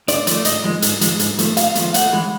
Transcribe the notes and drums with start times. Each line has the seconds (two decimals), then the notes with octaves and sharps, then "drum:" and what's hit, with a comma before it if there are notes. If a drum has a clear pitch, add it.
0.08 G#2 D5, drum: hi-hat
0.27 F3 A3 D5, drum: hi-hat
0.45 G#2 D#5, drum: hi-hat
0.64 F3 G#3
0.82 G#2, drum: hi-hat
1.01 F3 G#3, drum: hi-hat
1.19 G#2, drum: hi-hat
1.39 F3 A3, drum: hi-hat
1.57 G#2 F5, drum: hi-hat
1.75 A3, drum: hi-hat
1.79 F3
1.86 F5
1.94 A2 F#5, drum: hi-hat
2.13 E3 G#3